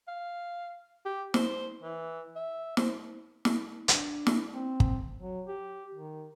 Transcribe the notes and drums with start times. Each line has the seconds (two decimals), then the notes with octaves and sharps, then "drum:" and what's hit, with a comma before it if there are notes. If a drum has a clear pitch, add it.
0.08 F5
1.05 G4
1.34 C5, drum: snare
1.82 E3
2.36 E5
2.77 C5, drum: snare
3.45 drum: snare
3.88 D4, drum: hi-hat
4.27 drum: snare
4.54 C4
4.80 drum: kick
5.19 F#3
5.48 G4
5.95 D#3